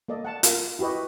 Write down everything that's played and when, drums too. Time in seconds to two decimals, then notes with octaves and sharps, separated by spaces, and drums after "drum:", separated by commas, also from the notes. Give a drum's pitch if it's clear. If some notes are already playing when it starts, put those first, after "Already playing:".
0.08 A#3 A4 D5 D#5
0.25 F#5 A5
0.43 F4 A#4, drum: hi-hat
0.79 E4 F#4 G4 B4 D#5